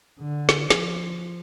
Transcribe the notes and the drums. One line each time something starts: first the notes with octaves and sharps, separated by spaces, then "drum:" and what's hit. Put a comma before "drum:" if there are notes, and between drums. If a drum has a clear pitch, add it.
D3
drum: snare
F3, drum: snare